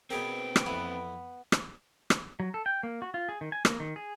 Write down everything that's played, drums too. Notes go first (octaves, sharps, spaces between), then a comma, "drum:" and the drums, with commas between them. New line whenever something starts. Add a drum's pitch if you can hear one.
B2 C4 G#4 A#4 B4 G5
drum: rim click
F2 E3 B3
drum: rim click
drum: rim click
F#3
A4
G5
A#3
F#4
F4
G#4
D#3
G#5
A#3, drum: rim click
D#3
G#4